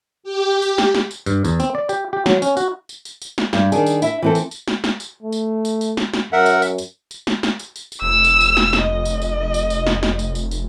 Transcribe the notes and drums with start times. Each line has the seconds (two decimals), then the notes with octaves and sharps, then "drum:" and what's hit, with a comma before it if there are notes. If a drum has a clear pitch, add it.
0.23 G4
0.62 drum: tambourine
0.78 drum: snare
0.95 drum: snare
1.11 drum: tambourine
1.26 G2, drum: tambourine
1.45 E2, drum: tambourine
1.60 C4, drum: tambourine
1.75 D5
1.89 G4, drum: tambourine
2.13 G4
2.26 F#3, drum: snare
2.42 C#4, drum: tambourine
2.57 F#4, drum: tambourine
2.89 drum: tambourine
3.05 drum: tambourine
3.22 drum: tambourine
3.38 drum: snare
3.53 G2, drum: snare
3.72 D#3 D4 G#4, drum: tambourine
3.86 drum: tambourine
4.02 E4 E5, drum: tambourine
4.22 E3 C4 A4
4.35 drum: tambourine
4.51 drum: tambourine
4.68 drum: snare
4.84 drum: snare
5.00 drum: tambourine
5.23 A3
5.32 drum: tambourine
5.65 drum: tambourine
5.81 drum: tambourine
5.97 drum: snare
6.14 drum: snare
6.33 F#2 A#4 E5 F#5
6.46 drum: tambourine
6.62 drum: tambourine
6.78 drum: tambourine
7.11 drum: tambourine
7.27 drum: snare
7.43 drum: snare
7.59 drum: tambourine
7.76 drum: tambourine
7.92 drum: tambourine
8.02 F1 E6
8.24 drum: tambourine
8.41 drum: tambourine
8.57 drum: snare
8.73 drum: snare
8.83 D#5
9.05 drum: tambourine
9.22 drum: tambourine
9.54 drum: tambourine
9.70 drum: tambourine
9.87 drum: snare
10.03 drum: snare
10.19 drum: tambourine
10.35 drum: tambourine
10.51 drum: tambourine